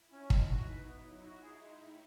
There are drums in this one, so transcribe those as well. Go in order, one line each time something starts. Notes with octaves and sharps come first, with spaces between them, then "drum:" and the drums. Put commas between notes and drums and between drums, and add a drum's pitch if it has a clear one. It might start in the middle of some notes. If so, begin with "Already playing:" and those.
Already playing: E4
C#4
G#3 D#4, drum: kick
F#4
B4
B3
F#3
F#4
G#4
G#3
A2